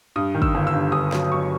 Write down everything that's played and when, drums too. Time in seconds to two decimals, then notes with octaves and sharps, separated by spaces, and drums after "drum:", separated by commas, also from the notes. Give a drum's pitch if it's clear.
0.16 G2 D#6
0.34 D#3
0.42 E6, drum: kick
0.55 G1
0.67 E6
0.73 G2
0.92 G1 D#6
1.12 F#3, drum: snare
1.31 F#3 C#6